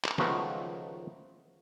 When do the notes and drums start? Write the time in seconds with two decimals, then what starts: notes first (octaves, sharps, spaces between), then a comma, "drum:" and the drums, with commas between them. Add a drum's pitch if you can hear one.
0.05 drum: clap
0.18 C#2 D#3 F3 A3 F#4 B4, drum: snare